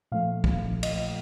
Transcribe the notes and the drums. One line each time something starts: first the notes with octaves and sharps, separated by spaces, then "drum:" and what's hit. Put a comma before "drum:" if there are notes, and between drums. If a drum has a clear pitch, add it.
A#2 F3 A3 F5
drum: kick
D#5, drum: cymbal